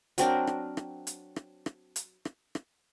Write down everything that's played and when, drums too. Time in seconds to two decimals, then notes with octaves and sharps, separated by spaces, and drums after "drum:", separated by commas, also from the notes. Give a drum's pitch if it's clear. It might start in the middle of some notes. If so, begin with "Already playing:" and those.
0.18 F#3 C4 D4 A#4, drum: hi-hat
0.47 drum: rim click
0.77 drum: rim click
1.07 drum: hi-hat
1.36 drum: rim click
1.66 drum: rim click
1.96 drum: hi-hat
2.25 drum: rim click
2.55 drum: rim click